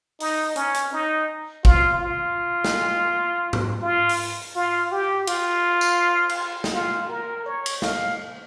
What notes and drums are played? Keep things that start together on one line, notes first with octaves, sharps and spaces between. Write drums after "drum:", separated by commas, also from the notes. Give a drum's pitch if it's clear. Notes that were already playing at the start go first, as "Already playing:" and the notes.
D#4, drum: open hi-hat
C#4, drum: hi-hat
drum: hi-hat
D#4
F4, drum: kick
F4
drum: snare
drum: tom G#2
F4
drum: open hi-hat
F4
G4
F4, drum: cymbal
drum: tambourine
drum: cymbal
drum: snare
F4
A#4
C#5
drum: cymbal
F5, drum: snare